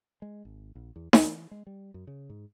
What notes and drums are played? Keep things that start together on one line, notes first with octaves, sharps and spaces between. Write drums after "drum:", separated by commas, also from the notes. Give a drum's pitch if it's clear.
G#3
G#1
A#1
E2
D#2, drum: snare D#4
E3
G#3
G3
F#2
C#3
G#2